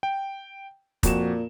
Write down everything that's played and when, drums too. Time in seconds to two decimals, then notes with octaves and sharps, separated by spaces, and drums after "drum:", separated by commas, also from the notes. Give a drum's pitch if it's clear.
0.03 G5
1.03 F2 A#2 F#4 E7, drum: kick, hi-hat